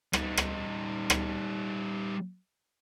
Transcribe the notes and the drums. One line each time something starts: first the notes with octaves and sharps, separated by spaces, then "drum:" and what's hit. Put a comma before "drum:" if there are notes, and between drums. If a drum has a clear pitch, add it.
G3 D#4, drum: rim click
drum: rim click
drum: rim click